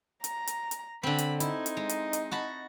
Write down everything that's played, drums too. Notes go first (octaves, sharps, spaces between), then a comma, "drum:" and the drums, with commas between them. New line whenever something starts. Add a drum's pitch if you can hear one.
A#5, drum: hi-hat
drum: hi-hat
drum: hi-hat
D3 C4 B5
drum: hi-hat
D#4 E4, drum: hi-hat
drum: hi-hat
G#3
drum: hi-hat
drum: hi-hat
F#4 A5 B5